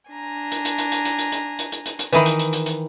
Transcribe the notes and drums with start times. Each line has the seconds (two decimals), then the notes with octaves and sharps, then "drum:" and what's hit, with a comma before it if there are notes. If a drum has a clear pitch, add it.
0.10 D4 G#5 A#5
0.52 drum: hi-hat
0.65 drum: hi-hat
0.78 drum: hi-hat
0.92 drum: hi-hat
1.05 drum: hi-hat
1.19 drum: hi-hat
1.32 drum: hi-hat
1.59 drum: hi-hat
1.72 drum: hi-hat
1.86 drum: hi-hat
1.99 drum: hi-hat
2.13 D#3 E3 B4 E5 B5, drum: hi-hat
2.26 drum: hi-hat
2.39 drum: hi-hat
2.53 drum: hi-hat
2.66 drum: hi-hat